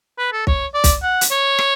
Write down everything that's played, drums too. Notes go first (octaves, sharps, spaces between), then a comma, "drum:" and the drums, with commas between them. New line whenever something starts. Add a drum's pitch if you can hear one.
B4
A4
C#5, drum: kick
D5
drum: kick, hi-hat
F#5
drum: hi-hat
C#5
drum: rim click